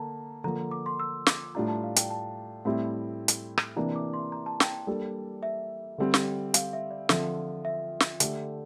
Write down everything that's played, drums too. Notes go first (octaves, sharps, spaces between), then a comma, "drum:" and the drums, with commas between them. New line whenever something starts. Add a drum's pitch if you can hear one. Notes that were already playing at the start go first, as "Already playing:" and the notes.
Already playing: D3 A#3 A5 A#5
D3 F3 A#3 A#5
D6
C6
E6
D6, drum: snare
A2 G3 D4 F4 A#5
A5
F5
G5, drum: hi-hat
A5
A2 G3 C4 E4
drum: hi-hat
drum: rim click
C3 E3 A#3 D4 A#5
D6
C6
A#5
A5
G5, drum: snare
G3 A#3 D4 A4
E5
D3 G3 C4 G4
drum: snare
F5, drum: hi-hat
E5
D5
D3 F3 C4 F4 E5, drum: snare
E5
drum: snare
D3 A3 D4 G4, drum: hi-hat